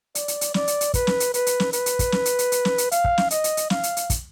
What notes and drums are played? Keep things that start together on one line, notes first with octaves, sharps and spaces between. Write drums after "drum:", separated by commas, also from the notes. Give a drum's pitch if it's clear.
D5, drum: hi-hat
drum: hi-hat
drum: hi-hat
D5, drum: snare
drum: hi-hat
drum: hi-hat
B4, drum: kick, hi-hat
drum: snare
drum: hi-hat
B4, drum: hi-hat
drum: hi-hat
drum: snare
B4, drum: hi-hat
drum: hi-hat
drum: kick, hi-hat
drum: snare
drum: hi-hat
drum: hi-hat
drum: hi-hat
drum: snare
drum: hi-hat
F5, drum: hi-hat
drum: kick
drum: snare
D#5, drum: hi-hat
drum: hi-hat
drum: hi-hat
F5, drum: snare
drum: hi-hat
drum: hi-hat
drum: kick, hi-hat